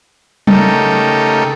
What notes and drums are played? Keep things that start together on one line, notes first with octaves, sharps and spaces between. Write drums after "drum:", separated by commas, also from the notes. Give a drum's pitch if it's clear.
C#3 A3 D#4 G4 A4 A#4, drum: tom F#3